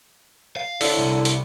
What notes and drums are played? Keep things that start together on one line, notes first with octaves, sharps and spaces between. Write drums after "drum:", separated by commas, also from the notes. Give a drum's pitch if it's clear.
F5
D3 E4 C#5, drum: open hi-hat
C2
drum: hi-hat